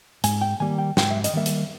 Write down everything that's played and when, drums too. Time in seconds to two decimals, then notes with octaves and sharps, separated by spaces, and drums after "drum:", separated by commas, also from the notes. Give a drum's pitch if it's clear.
0.24 G#2 G#5, drum: hi-hat
0.41 G5
0.60 D#3 G3 A#3 G#5
0.78 G5
0.97 G#2 G5, drum: snare
1.11 E5
1.24 D#5, drum: hi-hat
1.33 D#3 G3 A#3 E5
1.46 drum: hi-hat